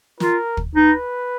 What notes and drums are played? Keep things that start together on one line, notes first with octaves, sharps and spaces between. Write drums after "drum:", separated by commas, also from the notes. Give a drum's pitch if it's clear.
F4 A#4, drum: snare
drum: kick
D#4 B4